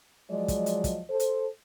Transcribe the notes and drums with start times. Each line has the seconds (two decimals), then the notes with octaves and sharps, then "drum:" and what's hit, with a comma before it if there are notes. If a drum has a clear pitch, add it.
0.30 F3 F#3 G#3 D5 D#5
0.48 drum: kick, hi-hat
0.66 drum: hi-hat
0.84 drum: kick, hi-hat
1.10 A4 C5
1.20 drum: hi-hat